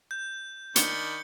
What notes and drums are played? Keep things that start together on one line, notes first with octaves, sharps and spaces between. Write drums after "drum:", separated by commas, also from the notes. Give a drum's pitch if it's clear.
G6
D#3 D4 B5 C#7 G7, drum: hi-hat